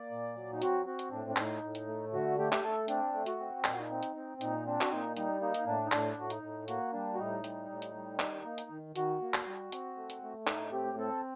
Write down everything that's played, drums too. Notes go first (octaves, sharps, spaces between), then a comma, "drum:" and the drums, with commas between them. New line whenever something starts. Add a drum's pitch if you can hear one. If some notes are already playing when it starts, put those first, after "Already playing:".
Already playing: A#3 D5
A#2
F#3
D#4
C4 F#4, drum: hi-hat
C4 F#4
drum: hi-hat
A2 D4
D4
A2 D#4, drum: clap
A2
drum: hi-hat
A3
D3 F#4
A3 G4
G4, drum: clap
A3 A4
C4 D4, drum: hi-hat
A3
F#4, drum: hi-hat
C4
A#2 D#4, drum: clap
F#4
D#4
C4
drum: hi-hat
C4
A#2 D#4, drum: hi-hat
C4 D4
F#4, drum: clap
A#2 D#4
G3 D#4, drum: hi-hat
A#3 D#4
drum: hi-hat
A2 D4
D#4
A2 D4, drum: clap
A2 F#4
D#4, drum: hi-hat
A2
A#3 F#4, drum: hi-hat
G3 D4
F#4
A2 D#4
G3, drum: hi-hat
A2
drum: hi-hat
G3
D#3, drum: clap
A#3
drum: hi-hat
D#3
D#3 F#4, drum: hi-hat
A#3
drum: clap
G3
C4, drum: hi-hat
A3
drum: hi-hat
A3
A2 D#4, drum: clap
C4 G4
C4 A4